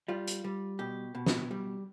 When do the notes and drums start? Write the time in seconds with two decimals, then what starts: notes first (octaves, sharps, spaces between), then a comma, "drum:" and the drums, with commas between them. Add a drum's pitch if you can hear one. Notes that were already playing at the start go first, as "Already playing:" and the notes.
0.08 G3 F4
0.27 drum: hi-hat
0.44 G3
0.79 B2 G4
1.15 B2
1.26 drum: snare
1.51 G3